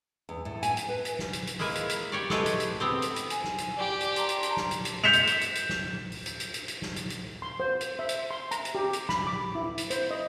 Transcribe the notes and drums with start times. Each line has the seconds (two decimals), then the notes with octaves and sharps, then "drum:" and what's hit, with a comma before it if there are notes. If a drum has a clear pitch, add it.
0.29 E2
0.45 A2
0.63 G#5, drum: hi-hat
0.77 drum: hi-hat
0.88 B4
1.05 drum: hi-hat
1.19 drum: snare
1.33 drum: hi-hat
1.47 drum: hi-hat
1.59 G#3 A#3 E4 B4 E5, drum: open hi-hat
1.75 drum: hi-hat
1.89 drum: hi-hat
2.12 G4 C#5 D5
2.30 G#3 A3 E4 G4 G#4 B4, drum: snare
2.46 drum: hi-hat
2.60 drum: hi-hat
2.80 B3 C4 G4
3.02 drum: hi-hat
3.16 drum: hi-hat
3.30 G#5, drum: hi-hat
3.44 drum: snare
3.58 drum: hi-hat
3.78 G4 D5
4.01 drum: hi-hat
4.16 A5 A#5 C6, drum: hi-hat
4.29 drum: hi-hat
4.43 drum: hi-hat
4.57 drum: snare
4.71 drum: hi-hat
4.85 drum: hi-hat
5.04 G6 B6 C#7 E7 F7
5.13 drum: hi-hat
5.27 drum: hi-hat
5.41 drum: hi-hat
5.55 drum: hi-hat
5.69 drum: snare
6.12 drum: open hi-hat
6.26 drum: hi-hat
6.40 drum: hi-hat
6.54 drum: hi-hat
6.68 drum: hi-hat
6.82 drum: snare
6.96 drum: hi-hat
7.10 drum: hi-hat
7.42 C6
7.60 C5
7.81 drum: hi-hat
7.99 E5
8.09 drum: hi-hat
8.31 C6
8.51 A#5, drum: hi-hat
8.65 drum: hi-hat
8.75 G4
8.93 drum: hi-hat
9.09 B5, drum: snare
9.27 D6
9.55 E4
9.78 drum: hi-hat
9.90 C5, drum: hi-hat
10.11 D#5